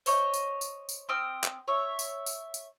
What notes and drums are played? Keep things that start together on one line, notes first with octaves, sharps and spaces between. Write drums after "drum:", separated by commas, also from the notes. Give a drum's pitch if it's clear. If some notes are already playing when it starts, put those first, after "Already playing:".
C5 C#5 D#5, drum: tambourine
drum: tambourine
drum: tambourine
drum: tambourine
C4 G5 D#6 F6
drum: clap
C#5 E5
drum: tambourine
drum: tambourine
drum: tambourine